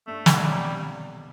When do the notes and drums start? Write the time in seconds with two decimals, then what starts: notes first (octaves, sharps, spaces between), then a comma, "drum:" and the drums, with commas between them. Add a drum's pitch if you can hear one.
0.07 G2 A3
0.26 B1 B2, drum: snare
0.39 F#3
0.45 C3 G3